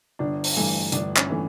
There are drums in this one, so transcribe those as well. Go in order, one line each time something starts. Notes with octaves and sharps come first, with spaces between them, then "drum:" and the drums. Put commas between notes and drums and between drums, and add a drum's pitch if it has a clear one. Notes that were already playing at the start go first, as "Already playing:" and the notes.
G1 D4
drum: open hi-hat
G2 E3 A3
G1 D4, drum: hi-hat
C#4, drum: clap
E3 A3